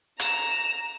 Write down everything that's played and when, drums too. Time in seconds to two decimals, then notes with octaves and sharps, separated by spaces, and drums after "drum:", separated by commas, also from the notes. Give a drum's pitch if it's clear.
0.19 A#5 E7, drum: hi-hat